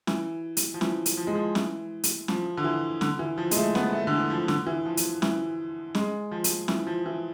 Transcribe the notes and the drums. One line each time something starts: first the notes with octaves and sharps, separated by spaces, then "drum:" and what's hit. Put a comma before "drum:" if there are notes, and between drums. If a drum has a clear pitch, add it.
E3, drum: snare
drum: hi-hat
F3
E3, drum: snare
drum: hi-hat
F3
G#3
F3
E3, drum: snare
drum: hi-hat
F3, drum: snare
D3
E3
D3, drum: snare
E3
F3
G#3, drum: hi-hat
A3
B3, drum: snare
A3
D3
E3
F3
D3, drum: snare
E3
F3
drum: hi-hat
E3, drum: snare
G#3, drum: snare
F3
drum: hi-hat
E3, drum: snare
F3
E3